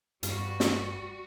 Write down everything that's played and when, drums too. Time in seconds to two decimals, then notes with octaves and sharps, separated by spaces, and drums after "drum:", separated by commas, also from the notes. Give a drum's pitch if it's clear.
0.23 G2 G3 F#4, drum: hi-hat
0.60 drum: snare